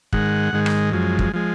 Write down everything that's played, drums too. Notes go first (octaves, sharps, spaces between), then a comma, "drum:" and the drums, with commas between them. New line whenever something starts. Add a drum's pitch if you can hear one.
G#2 D#3 G#3 F#5, drum: kick
G#2 D#3 G#3
drum: rim click
F#2 F3 G#3
drum: kick
F3 G#3